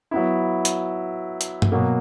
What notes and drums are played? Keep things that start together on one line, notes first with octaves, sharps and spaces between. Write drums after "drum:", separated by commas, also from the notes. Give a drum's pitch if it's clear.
F#3 B3 E4
drum: hi-hat
drum: hi-hat
drum: tom G2
B2 F#3 A#3